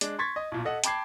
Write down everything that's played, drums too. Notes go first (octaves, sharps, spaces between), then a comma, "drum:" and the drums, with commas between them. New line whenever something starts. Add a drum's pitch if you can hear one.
G#3 D4, drum: hi-hat
C6 C#6 G#6 A6 B6
D#5
B1 A#2
A4 D#5 F#5
G5 A5 B5 D6 G#6 C7, drum: hi-hat